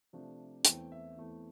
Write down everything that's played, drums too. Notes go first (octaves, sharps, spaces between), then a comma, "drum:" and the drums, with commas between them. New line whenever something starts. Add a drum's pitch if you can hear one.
C3 F3 A3 D4
E2 E3 A3 C4 G5, drum: hi-hat
E5
E2 E3 A3 C4